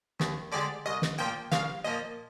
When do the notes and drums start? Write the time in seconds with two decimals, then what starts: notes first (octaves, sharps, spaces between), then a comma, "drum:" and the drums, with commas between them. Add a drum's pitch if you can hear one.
0.20 D#2, drum: snare
0.52 D3 G#3 C4 G4 D5
0.86 C2 D#5
1.02 drum: snare
1.18 A#2 F3 A#3 G5
1.52 C2 F5, drum: snare
1.84 A#2 F3 A#3 D#5